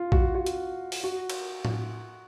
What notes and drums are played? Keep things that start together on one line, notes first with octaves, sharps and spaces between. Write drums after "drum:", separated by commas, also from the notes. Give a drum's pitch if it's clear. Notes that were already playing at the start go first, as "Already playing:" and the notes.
Already playing: F4
F#4, drum: kick A#1
F#4
drum: hi-hat
drum: open hi-hat
F#4
drum: cymbal
drum: tom A2